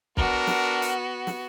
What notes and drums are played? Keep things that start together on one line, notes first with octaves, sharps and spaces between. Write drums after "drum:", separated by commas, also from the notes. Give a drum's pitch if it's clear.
B3 D4 F#4 A#4, drum: kick
drum: snare
drum: hi-hat
drum: snare